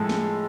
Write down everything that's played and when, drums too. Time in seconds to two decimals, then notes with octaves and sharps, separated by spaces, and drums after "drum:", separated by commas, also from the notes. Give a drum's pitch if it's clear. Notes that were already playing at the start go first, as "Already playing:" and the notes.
Already playing: A2 F3 G#3 A4
0.09 drum: snare